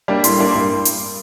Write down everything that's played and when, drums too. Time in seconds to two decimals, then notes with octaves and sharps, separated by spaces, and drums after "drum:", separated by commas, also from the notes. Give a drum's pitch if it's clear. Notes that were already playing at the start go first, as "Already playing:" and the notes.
0.08 G3 A#3 D4
0.24 A2 C6, drum: hi-hat
0.39 G3 A#3 D4
0.51 G2 C6
0.85 drum: hi-hat